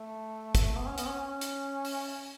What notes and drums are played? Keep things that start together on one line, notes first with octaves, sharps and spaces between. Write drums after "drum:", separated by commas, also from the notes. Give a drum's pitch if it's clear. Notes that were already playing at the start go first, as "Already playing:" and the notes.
Already playing: A3
drum: kick, hi-hat
B3
C#4
B3, drum: hi-hat
C#4
C#4
drum: hi-hat
drum: open hi-hat